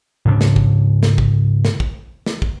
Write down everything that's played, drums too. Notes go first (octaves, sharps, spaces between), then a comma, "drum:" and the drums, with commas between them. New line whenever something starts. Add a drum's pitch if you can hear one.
G#2 C#3 D4
drum: snare
drum: kick
drum: snare
drum: kick
drum: snare
drum: kick
drum: snare
drum: kick